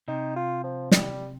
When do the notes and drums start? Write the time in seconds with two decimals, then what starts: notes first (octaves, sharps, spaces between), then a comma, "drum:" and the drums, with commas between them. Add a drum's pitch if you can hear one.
0.08 C3 D#4
0.36 F4
0.64 F3
0.91 G3, drum: snare